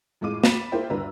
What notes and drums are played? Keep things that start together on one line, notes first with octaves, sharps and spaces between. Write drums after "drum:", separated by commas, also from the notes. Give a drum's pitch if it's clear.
F2 A2 G#3 F4 D6 D#7
B5 A6 B6 D#7 E7, drum: snare
A#3 E4 F4 G#4 C5 G5
D2 G2 D4 B4 A#5 E6